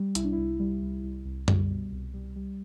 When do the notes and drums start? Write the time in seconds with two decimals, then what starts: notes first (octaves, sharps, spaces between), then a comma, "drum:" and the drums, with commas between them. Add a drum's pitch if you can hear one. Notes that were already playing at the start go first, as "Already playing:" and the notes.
Already playing: G3
0.15 C2 E4, drum: hi-hat
0.24 D4
0.33 C2 E4
0.60 G3
0.82 C2
1.04 C2
1.25 C2
1.48 G3, drum: tom F#2
1.70 B2
1.92 C2
2.14 G3
2.36 G3